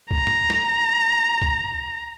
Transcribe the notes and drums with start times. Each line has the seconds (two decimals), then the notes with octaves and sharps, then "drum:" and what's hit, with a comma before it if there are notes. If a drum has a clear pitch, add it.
0.11 A#5, drum: kick C#2
0.27 drum: tom
0.50 drum: snare
1.42 drum: kick C#2